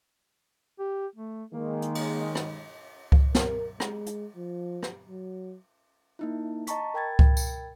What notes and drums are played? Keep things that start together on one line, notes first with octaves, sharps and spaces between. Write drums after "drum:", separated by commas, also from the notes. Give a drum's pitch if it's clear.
G4
A3
D#3 G#3 A#3
drum: hi-hat
drum: cymbal
drum: rim click
drum: kick C#2
A#4, drum: snare
G#3, drum: rim click
drum: hi-hat
F3
drum: rim click
F#3
A#3 D#4 E4
D#5 A5 A#5 C#6 B6, drum: hi-hat
A#4 G5 B5 G#6 A6
drum: kick C#2
drum: tambourine